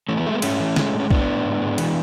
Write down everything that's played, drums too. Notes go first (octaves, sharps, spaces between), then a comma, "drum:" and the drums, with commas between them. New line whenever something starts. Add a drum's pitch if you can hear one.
E3 A3 C#4
B3
G#3 A3
B3
G#2 A3 C#4, drum: cymbal
E3
G#3, drum: snare
A2
C#4
A2 B3 D4, drum: kick
A2
G#2
G#3
E3, drum: cymbal